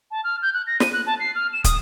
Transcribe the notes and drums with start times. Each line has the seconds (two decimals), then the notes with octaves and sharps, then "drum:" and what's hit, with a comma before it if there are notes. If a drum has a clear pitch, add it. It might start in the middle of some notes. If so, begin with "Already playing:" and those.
0.11 A5
0.24 F6
0.42 G6
0.54 F#6
0.67 A#6
0.80 D#7, drum: snare
0.93 F#6
1.06 A5
1.20 C7
1.35 F6
1.53 E7
1.64 D#6, drum: kick, hi-hat